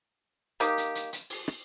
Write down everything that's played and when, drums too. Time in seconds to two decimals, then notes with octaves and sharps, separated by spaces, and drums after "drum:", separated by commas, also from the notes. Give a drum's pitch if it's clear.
0.60 A#3 D#4 G4, drum: hi-hat
0.78 drum: hi-hat
0.95 drum: hi-hat
1.13 drum: hi-hat
1.30 drum: open hi-hat
1.48 drum: rim click